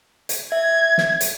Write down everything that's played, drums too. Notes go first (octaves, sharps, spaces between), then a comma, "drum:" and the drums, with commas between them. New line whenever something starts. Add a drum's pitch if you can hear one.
drum: hi-hat
E5 G#6
drum: snare
drum: hi-hat